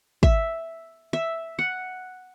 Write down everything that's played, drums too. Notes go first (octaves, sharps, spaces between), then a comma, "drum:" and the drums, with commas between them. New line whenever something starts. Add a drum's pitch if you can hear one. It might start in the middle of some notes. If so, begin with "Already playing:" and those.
E5, drum: kick
E5
F#5